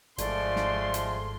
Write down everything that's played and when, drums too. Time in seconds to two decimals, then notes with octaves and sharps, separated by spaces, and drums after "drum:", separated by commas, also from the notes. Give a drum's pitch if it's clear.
0.18 G#1 F3 G#3 A3 D5 C6, drum: hi-hat
0.56 drum: snare
0.94 drum: hi-hat